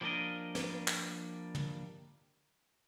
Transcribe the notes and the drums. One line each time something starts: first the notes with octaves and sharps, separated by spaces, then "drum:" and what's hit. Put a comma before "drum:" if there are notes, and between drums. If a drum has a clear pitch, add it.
F3 G3 A#3 D4 A#4 D#5
drum: snare
drum: clap
drum: tom